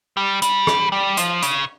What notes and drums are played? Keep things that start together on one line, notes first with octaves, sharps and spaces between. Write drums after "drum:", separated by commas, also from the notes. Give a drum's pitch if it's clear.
G3
G3, drum: hi-hat
drum: rim click
G3
F3, drum: hi-hat
C#3, drum: hi-hat